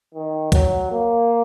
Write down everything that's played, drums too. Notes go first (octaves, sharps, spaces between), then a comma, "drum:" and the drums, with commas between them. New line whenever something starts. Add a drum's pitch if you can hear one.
D#3
F#3, drum: kick, hi-hat
A#3